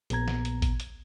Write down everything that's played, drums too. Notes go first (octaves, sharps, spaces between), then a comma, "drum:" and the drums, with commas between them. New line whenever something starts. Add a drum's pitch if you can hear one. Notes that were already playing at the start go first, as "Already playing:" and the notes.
A#1 A#2 B3 A#5 G#6, drum: hi-hat
drum: snare
drum: hi-hat
drum: kick G#1, hi-hat
drum: hi-hat